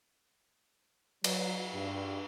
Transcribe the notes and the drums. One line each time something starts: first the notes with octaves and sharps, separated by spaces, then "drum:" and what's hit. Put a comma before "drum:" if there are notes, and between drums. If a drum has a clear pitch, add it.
F#3, drum: cymbal
G2